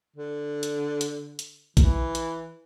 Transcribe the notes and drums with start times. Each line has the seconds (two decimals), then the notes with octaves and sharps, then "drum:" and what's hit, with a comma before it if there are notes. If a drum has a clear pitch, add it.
0.16 D3
0.63 drum: hi-hat
1.01 drum: hi-hat
1.39 drum: hi-hat
1.77 E3, drum: kick A#1, hi-hat
2.15 drum: hi-hat